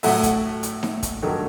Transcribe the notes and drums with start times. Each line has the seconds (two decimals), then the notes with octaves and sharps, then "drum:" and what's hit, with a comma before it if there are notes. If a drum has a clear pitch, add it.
0.03 A2 F#3 A3 E5 F#5, drum: open hi-hat
0.23 drum: kick, hi-hat
0.63 drum: hi-hat
0.83 drum: snare D#4
1.03 drum: kick, hi-hat
1.22 G2 D#3 F#3 A3